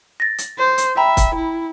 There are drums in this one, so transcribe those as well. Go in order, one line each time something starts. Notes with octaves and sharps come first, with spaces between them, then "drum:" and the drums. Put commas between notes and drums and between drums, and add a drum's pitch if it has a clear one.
A6 A#6
drum: hi-hat
C5
drum: hi-hat
E5 G5 A#5 B5
drum: kick, hi-hat
E4